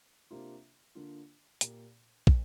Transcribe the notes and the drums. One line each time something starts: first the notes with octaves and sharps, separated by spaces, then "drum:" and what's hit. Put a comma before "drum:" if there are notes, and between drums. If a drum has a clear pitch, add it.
C3 A#3 D4 F4
D3 A#3 D4 F4
A#2 A#3 G4, drum: hi-hat
A#2 F3, drum: kick